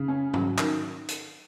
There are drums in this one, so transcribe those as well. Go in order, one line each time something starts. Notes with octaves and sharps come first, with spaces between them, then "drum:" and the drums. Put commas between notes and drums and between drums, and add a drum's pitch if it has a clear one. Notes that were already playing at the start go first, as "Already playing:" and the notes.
Already playing: C#3
C#4
F#3, drum: tom G#2
D#3, drum: clap
drum: hi-hat